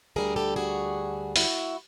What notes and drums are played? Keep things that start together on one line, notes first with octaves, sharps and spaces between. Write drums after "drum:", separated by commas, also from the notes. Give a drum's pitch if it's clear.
D2 D3 G3 G#4 A#4
G4 A4
F#4 G#4
E4 F#4, drum: open hi-hat